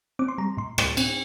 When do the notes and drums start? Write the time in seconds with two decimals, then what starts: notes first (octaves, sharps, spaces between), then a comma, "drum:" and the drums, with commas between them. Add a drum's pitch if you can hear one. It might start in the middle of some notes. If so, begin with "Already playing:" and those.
0.19 C4 D6
0.28 C6
0.38 G3 A#5
0.57 A2 C6
0.78 A2, drum: rim click
0.97 C4, drum: cymbal